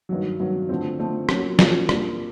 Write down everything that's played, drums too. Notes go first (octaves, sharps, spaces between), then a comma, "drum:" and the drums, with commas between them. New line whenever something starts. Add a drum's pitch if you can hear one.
G2 D#3 F#3
G2 D#3 F#3
D3 F3 A3 C4
D3 F3 A3 C4
F#3 A#3 C#4 F4, drum: rim click
F#3 A#3 C#4 F4, drum: snare
A#2 G3 A#3 D4 F4, drum: rim click